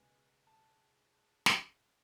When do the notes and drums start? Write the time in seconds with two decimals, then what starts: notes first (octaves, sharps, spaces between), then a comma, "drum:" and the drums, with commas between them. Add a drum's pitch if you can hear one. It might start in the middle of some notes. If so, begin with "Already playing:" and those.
Already playing: C#2 B2 G#3 B3 G#5
0.47 A5
1.46 drum: snare